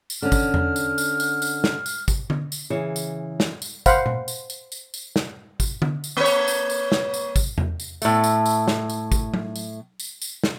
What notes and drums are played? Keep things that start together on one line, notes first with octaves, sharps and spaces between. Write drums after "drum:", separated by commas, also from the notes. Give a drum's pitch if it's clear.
drum: tambourine
D3 C#4 F6
drum: kick, tambourine
drum: tom E2
drum: tambourine
drum: tambourine
drum: tambourine
drum: tambourine
drum: snare
drum: tambourine
drum: kick, tambourine
drum: tom D3
drum: tambourine
C#3 E3 G#4 C#5
drum: tambourine
drum: snare
drum: tambourine
C5 F5 F#5 B5, drum: kick, tambourine
drum: tom A#2
drum: tambourine
drum: tambourine
drum: tambourine
drum: tambourine
drum: snare
drum: kick, tambourine
drum: tom D3
drum: tambourine
A#3 C#5
drum: tambourine
drum: tambourine
drum: tambourine
drum: snare
drum: tambourine
drum: kick, tambourine
drum: tom E2
drum: tambourine
A2 A3, drum: tambourine
drum: tambourine
drum: tambourine
drum: snare
drum: tambourine
drum: kick, tambourine
drum: tom
drum: tambourine
drum: tambourine
drum: tambourine
drum: snare